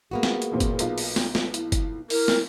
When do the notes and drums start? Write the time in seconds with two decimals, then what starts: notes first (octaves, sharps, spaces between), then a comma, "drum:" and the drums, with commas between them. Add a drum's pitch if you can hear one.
0.11 A#3 B3 F#4 G#4
0.23 drum: snare
0.42 drum: hi-hat
0.51 E2 A#2 C4
0.60 drum: kick F#1, hi-hat
0.79 B1 F4, drum: hi-hat
0.98 drum: open hi-hat
1.16 drum: snare
1.35 drum: snare
1.54 E4, drum: hi-hat
1.72 drum: kick F#1, hi-hat
2.10 E4 A#4, drum: open hi-hat
2.28 drum: snare